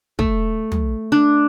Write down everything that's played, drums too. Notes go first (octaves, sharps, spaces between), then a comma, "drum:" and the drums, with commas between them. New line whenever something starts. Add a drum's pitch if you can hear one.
A3, drum: kick
drum: tom
D4